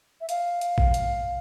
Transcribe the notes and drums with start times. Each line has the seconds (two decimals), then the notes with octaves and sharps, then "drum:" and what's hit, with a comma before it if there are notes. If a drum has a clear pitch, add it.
0.21 E5
0.29 F5, drum: hi-hat
0.61 drum: hi-hat
0.78 drum: kick
0.94 drum: hi-hat